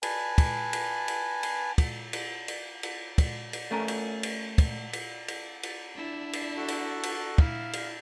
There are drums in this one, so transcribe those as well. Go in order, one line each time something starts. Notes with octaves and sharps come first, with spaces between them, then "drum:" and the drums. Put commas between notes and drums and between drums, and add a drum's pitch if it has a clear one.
B4 G#5 A5, drum: cymbal
drum: kick, cymbal
drum: cymbal
drum: cymbal
drum: cymbal
drum: kick, cymbal
drum: cymbal
drum: cymbal
drum: cymbal
drum: kick, cymbal
drum: cymbal
A3 C#4 A#4
drum: cymbal
drum: cymbal
drum: kick, cymbal
drum: cymbal
drum: cymbal
drum: cymbal
D4 E4
drum: cymbal
F#4 A4
drum: cymbal
drum: cymbal
E4 F5, drum: kick
drum: cymbal